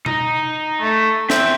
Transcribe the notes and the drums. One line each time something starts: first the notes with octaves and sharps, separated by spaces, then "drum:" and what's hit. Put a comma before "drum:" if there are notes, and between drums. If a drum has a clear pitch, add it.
D#4, drum: tom B2
A3
E2 C4 E5, drum: snare